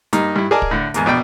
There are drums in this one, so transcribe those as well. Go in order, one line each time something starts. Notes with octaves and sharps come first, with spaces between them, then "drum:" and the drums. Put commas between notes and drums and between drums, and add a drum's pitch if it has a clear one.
G2 A#3 D#4, drum: hi-hat
G2 E4
G#4 A#4 D5 D#5 G#5 A5
drum: kick
A2 D3
E2 G#2 A#3, drum: hi-hat
A#1 B2 D5 G5